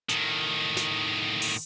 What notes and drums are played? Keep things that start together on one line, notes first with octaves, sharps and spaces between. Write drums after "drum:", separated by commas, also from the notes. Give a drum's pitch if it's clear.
A2 D#3, drum: hi-hat
drum: snare
drum: open hi-hat